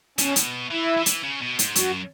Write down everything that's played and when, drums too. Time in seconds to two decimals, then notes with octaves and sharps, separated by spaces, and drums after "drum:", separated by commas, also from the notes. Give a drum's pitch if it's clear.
0.18 B2 C#4, drum: hi-hat
0.36 drum: hi-hat
0.71 E3 E4
0.97 E3
1.06 drum: hi-hat
1.23 C#3
1.42 B2
1.59 G#2, drum: hi-hat
1.76 F#2 F#4, drum: hi-hat